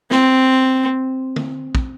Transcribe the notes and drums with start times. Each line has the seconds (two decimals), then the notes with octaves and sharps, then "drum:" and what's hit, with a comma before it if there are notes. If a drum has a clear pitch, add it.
0.11 C4, drum: snare
1.36 drum: tom D3
1.75 drum: kick